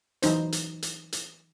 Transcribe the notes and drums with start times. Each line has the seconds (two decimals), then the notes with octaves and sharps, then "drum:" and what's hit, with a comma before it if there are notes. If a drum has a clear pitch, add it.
0.22 E3 F#3 D#4 C5, drum: hi-hat
0.52 drum: hi-hat
0.82 drum: hi-hat
1.12 drum: hi-hat